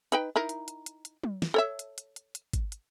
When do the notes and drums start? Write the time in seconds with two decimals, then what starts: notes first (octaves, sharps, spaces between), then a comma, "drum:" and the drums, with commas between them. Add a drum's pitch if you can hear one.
0.12 D#4 B4 G5, drum: hi-hat
0.36 D#4 E4 A#4
0.49 drum: hi-hat
0.68 drum: hi-hat
0.86 drum: hi-hat
1.05 drum: hi-hat
1.24 drum: tom F#3
1.42 drum: snare
1.54 A4 C#5 E5
1.79 drum: hi-hat
1.98 drum: hi-hat
2.16 drum: hi-hat
2.35 drum: hi-hat
2.53 drum: kick G#1, hi-hat
2.72 drum: hi-hat